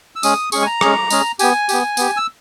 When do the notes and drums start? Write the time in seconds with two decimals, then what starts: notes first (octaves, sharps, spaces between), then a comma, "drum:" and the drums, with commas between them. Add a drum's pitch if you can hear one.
0.16 E6
0.23 G#3 C#4 G#4 D#6, drum: tambourine
0.52 G#3 C#4 G#4 C#6, drum: tambourine
0.62 G#5
0.66 A#5
0.81 G#3 C#4 G#4, drum: rim click
1.10 G#3 C#4 G#4, drum: tambourine
1.39 B3 G4 G#5, drum: tambourine
1.69 B3 G4, drum: tambourine
1.97 B3 G4, drum: tambourine
2.17 E6